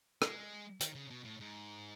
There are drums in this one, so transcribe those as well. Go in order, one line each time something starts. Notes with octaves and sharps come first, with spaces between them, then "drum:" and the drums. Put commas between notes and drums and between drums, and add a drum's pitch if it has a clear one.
G#3, drum: rim click
D#3, drum: hi-hat
C#3
B2
A2
G#2